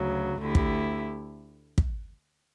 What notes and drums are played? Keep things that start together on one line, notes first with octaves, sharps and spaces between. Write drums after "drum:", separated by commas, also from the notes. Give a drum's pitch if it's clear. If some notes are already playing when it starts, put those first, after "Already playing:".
Already playing: D2 C#3 F#3
D2 D3 A3 E4 G4
drum: kick
drum: kick